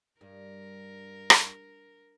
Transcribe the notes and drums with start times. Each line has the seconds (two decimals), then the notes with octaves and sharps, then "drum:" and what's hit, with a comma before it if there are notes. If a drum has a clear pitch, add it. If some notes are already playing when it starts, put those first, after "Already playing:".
0.21 G2 A#4
1.30 drum: rim click